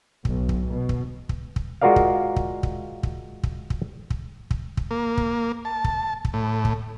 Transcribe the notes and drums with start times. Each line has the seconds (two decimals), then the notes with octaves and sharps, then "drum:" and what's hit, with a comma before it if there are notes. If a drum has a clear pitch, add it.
0.25 B1, drum: kick
0.49 drum: kick
0.70 B2
0.89 drum: kick
1.29 drum: kick
1.56 drum: kick
1.81 G#3 F4 F#4 A#4 D5 F5
1.96 drum: kick
2.36 drum: kick
2.63 drum: kick
3.03 drum: kick
3.43 drum: kick
3.70 drum: kick
4.10 drum: kick
4.51 drum: kick
4.77 drum: kick
4.91 A#3
5.17 drum: kick
5.65 A5
5.84 drum: kick
6.25 drum: kick
6.34 A2
6.65 drum: kick